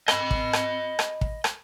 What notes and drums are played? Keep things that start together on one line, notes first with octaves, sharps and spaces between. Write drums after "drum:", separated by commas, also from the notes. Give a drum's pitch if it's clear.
D#5 B5, drum: rim click
drum: kick
drum: rim click
drum: rim click
drum: kick
drum: rim click